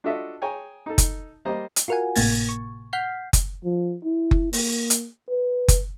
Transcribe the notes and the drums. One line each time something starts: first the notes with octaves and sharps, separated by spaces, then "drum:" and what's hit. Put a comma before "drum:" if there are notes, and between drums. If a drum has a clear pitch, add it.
D4 F4 F#4 A4 D#5 E5
G#4 C#5 G5 G#5 A#5
D#4 A4
drum: kick F#1, hi-hat
G3 A#3 C5 D#5 A#5
drum: hi-hat
F4 F#4 A#4 F5 F#5 G#5
G#1 A2 C3 A#3 G#6 A6, drum: open hi-hat
C#6
F#5 F6 G6 B6 C7
drum: kick F#1, hi-hat
F3
E4
drum: kick F#1
A#3, drum: open hi-hat
drum: hi-hat
B4
drum: kick F#1, hi-hat